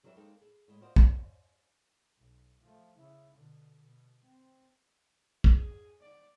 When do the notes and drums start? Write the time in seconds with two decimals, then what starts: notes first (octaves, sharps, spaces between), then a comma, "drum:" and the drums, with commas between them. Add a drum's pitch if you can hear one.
0.03 E3 F#3 G3 A#4 C5 E5
0.16 G#3 A#3 C4 D#4 A4
0.41 G#4 A4
0.68 A2 G#3
0.81 F4 F#4 A#4 C5 D5 D#5
0.96 F#2 F#3 B3, drum: kick
2.17 B1
2.61 F3 A3
2.97 C#3 E4
3.34 B2 D3
3.80 B2
4.23 C4
5.44 G#4, drum: kick
6.01 D5